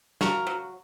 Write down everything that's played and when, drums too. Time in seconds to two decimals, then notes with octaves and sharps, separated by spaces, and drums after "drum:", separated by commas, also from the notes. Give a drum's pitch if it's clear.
0.21 C#3 F#4 A#4, drum: snare
0.47 F#3